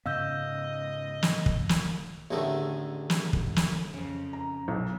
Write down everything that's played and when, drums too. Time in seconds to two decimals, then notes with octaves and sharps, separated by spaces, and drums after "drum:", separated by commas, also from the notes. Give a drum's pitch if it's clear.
0.06 G#2 C#3 B3 D#5 F5 E6 G6
1.23 drum: snare
1.46 drum: kick
1.69 drum: snare
2.31 A1 E2 D3 D#3 G#3 A3
3.10 drum: snare
3.33 drum: kick
3.56 drum: snare
3.93 F2 C#3
4.33 A#5
4.68 B1